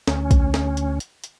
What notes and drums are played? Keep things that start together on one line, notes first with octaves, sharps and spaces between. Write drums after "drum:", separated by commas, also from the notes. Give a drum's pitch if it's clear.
D2 C#4, drum: snare
drum: kick B1, hi-hat
drum: snare
drum: hi-hat
drum: hi-hat
drum: hi-hat